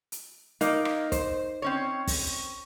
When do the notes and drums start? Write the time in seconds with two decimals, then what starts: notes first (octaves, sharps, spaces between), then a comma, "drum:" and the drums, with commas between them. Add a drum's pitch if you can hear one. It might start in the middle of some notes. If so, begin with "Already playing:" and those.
0.12 drum: hi-hat
0.61 A#3 D#4, drum: hi-hat
0.85 drum: rim click
1.12 C5, drum: kick, hi-hat
1.62 C4 C#4 C#5
2.07 drum: kick, open hi-hat